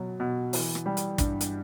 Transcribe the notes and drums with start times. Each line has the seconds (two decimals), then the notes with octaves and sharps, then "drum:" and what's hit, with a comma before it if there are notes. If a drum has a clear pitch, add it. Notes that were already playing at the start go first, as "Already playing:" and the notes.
Already playing: B2 F#3
0.20 B2
0.53 E3, drum: open hi-hat
0.75 drum: rim click
0.86 G3
0.97 drum: hi-hat
1.18 G2, drum: kick, hi-hat
1.41 drum: hi-hat